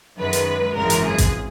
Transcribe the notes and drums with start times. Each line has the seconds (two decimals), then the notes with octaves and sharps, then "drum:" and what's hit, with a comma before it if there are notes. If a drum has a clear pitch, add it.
0.18 F#2 D#3 G#3 B4
0.33 drum: hi-hat
0.75 G#1 F#2 C#3 E3 G#3 A#4
0.90 drum: hi-hat
1.04 G#4
1.18 drum: kick A1, hi-hat